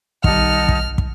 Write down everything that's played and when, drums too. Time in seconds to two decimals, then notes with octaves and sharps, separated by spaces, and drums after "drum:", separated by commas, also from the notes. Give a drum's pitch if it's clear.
0.24 B1 D#3 G3 D#4 F#5 A5 F6, drum: kick
0.69 drum: kick
0.98 drum: kick